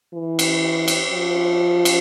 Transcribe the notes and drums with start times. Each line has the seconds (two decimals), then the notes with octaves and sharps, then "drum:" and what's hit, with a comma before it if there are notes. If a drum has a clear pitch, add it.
0.14 E3
0.39 drum: cymbal
0.88 drum: cymbal
1.13 F3
1.85 drum: cymbal